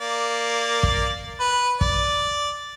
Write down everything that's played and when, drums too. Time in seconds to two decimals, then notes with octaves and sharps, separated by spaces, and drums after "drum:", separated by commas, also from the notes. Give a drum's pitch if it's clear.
0.01 A#3 D5
0.83 drum: kick
1.40 B4
1.81 D5, drum: kick